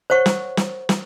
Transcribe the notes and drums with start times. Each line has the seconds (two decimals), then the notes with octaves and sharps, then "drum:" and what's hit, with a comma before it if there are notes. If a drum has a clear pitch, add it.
0.10 C5 C#5 F#5 C#6
0.26 drum: snare
0.57 drum: snare
0.89 drum: snare